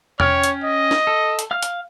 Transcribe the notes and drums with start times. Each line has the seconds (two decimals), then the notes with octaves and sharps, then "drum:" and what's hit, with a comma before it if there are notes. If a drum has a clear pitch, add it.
0.20 C#4 C#5 G5 F6, drum: tom E2
0.43 drum: hi-hat
0.64 D#5
0.91 drum: snare
1.07 A4
1.39 drum: hi-hat
1.51 F5 F6
1.63 drum: hi-hat